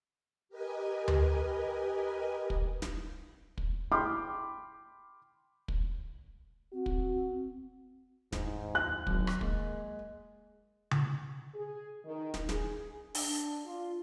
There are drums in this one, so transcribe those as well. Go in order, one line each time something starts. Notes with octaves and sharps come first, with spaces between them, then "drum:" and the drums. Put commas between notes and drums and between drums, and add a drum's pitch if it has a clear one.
G4 A#4 B4 D#5 G#5
drum: tom D2
drum: kick
drum: snare
drum: kick
G5 B5 C6 D6 F6 G6
drum: kick
C4 F#4
drum: kick
D#2 G#2, drum: snare
F#6
G#1 D#3 F#3, drum: kick
drum: rim click
G#3 A#3, drum: kick
drum: tom C#3
G#4
D#3
drum: snare
G#4, drum: snare
D4, drum: open hi-hat
F4